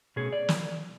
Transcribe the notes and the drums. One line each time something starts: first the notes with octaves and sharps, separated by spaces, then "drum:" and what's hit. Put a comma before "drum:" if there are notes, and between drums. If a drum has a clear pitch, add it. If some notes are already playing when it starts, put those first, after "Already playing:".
B2 A3 C#4 G#4
D5
drum: snare